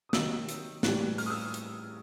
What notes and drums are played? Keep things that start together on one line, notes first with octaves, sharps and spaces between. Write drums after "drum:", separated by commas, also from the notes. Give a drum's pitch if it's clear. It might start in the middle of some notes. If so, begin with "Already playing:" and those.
D#6
C3 D#3 F#3 E6, drum: snare
drum: hi-hat
A2 E3 G3 F#6, drum: snare
F6, drum: open hi-hat
D#6
E6
drum: hi-hat